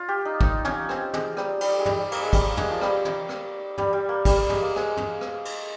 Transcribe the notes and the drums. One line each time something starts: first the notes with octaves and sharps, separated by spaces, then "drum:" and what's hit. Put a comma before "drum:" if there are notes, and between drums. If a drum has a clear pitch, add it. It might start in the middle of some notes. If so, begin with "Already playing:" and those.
Already playing: F4
G4
D#4
D#4, drum: kick
C#4, drum: tom
C4, drum: rim click
G#3, drum: tom
G3, drum: rim click
G3, drum: cymbal
G#3
G3, drum: tom
A#3, drum: cymbal
G#3
G3, drum: kick, cymbal
G#3, drum: tom
F3
G3, drum: rim click
drum: tom
drum: rim click
G3, drum: tom
G3
A#3
G3, drum: kick, cymbal
G#3, drum: tom
A#3
G#3, drum: rim click
drum: tom
drum: rim click
drum: cymbal